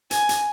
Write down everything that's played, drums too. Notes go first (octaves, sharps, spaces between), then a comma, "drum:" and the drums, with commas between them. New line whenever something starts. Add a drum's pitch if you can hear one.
G#5, drum: hi-hat
drum: hi-hat